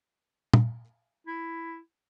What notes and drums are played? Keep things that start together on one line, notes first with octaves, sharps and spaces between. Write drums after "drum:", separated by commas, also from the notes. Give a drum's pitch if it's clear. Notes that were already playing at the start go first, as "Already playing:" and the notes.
drum: tom
E4